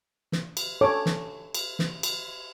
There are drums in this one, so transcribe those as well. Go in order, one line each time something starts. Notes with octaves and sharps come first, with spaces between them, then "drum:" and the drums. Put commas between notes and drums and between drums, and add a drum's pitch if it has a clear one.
drum: snare
drum: cymbal
A4 C#5 D6
drum: snare
drum: cymbal
drum: snare
drum: cymbal